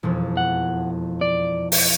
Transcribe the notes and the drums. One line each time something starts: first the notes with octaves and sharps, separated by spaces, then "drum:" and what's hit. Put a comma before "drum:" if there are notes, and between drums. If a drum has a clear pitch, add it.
E1 F2 F3
F#5
D5
drum: open hi-hat